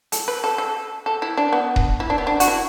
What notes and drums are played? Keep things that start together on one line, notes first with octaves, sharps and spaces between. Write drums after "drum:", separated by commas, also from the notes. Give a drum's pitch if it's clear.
A4, drum: hi-hat
B4
A4
A4
A4
E4
D4
B3
drum: kick D#1
E4
D4
B3
D4
F#4, drum: hi-hat
E4